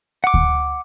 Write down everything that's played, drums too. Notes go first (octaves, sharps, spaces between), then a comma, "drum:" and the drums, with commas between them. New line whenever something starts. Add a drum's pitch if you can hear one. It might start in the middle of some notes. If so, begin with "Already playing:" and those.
F#5 D6
drum: kick D2